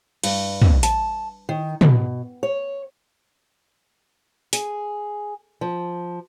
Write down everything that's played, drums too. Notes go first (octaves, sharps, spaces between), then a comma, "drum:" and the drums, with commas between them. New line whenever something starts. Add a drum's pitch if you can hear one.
G2, drum: cymbal
drum: tom
A5, drum: hi-hat
D#3
B2, drum: tom
C#5
G#4, drum: hi-hat
F3